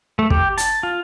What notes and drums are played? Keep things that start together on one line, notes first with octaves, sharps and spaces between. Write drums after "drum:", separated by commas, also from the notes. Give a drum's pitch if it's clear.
A3
G4, drum: kick
A5, drum: hi-hat
F4